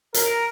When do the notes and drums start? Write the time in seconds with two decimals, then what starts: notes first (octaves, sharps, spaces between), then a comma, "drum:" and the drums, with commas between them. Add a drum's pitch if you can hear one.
0.14 A#4, drum: hi-hat